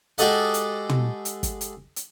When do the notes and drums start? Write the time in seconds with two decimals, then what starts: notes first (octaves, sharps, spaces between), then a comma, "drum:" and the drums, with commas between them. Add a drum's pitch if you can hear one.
0.18 G#3 F#4 G4 A4 D#5 F#5, drum: hi-hat
0.54 drum: hi-hat
0.89 drum: tom
1.25 drum: hi-hat
1.43 drum: kick, hi-hat
1.61 drum: hi-hat
1.96 drum: hi-hat